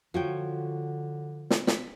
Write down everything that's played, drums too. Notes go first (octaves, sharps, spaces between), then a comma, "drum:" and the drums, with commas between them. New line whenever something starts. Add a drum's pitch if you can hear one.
D3 F3 F#4 C#5 G5
drum: snare
B5, drum: snare